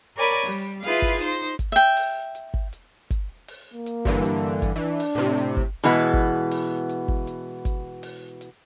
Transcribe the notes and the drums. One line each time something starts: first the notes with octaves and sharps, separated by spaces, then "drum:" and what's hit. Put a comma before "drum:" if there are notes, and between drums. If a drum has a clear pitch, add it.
A#4 C#5 D5 G#5 B5
G3, drum: open hi-hat
E4 F4 G#4 B4 F5, drum: hi-hat
drum: kick G1
D#4 C5, drum: hi-hat
drum: kick G1, hi-hat
E5 G5
drum: open hi-hat
drum: hi-hat
drum: kick G1
drum: hi-hat
drum: kick G1, hi-hat
drum: open hi-hat
A#3
drum: hi-hat
G2 D3 E3, drum: kick G1
drum: hi-hat
drum: kick G1, hi-hat
E3 D4
drum: open hi-hat
A2 C3
drum: hi-hat
drum: kick G1
B2 E3 G#3 B3
drum: kick G1
drum: open hi-hat
drum: hi-hat
drum: kick G1
drum: hi-hat
drum: kick G1, hi-hat
drum: open hi-hat
drum: hi-hat